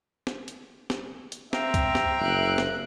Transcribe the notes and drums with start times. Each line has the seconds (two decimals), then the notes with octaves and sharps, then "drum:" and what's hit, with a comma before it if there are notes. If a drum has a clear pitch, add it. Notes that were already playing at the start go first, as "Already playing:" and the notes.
0.27 drum: snare
0.48 drum: hi-hat
0.90 drum: snare
1.32 drum: hi-hat
1.53 C4 E5 F5 G5 A#5, drum: snare
1.74 drum: kick C#2, hi-hat
1.95 drum: snare
2.20 F#1 F#6 D7
2.58 drum: snare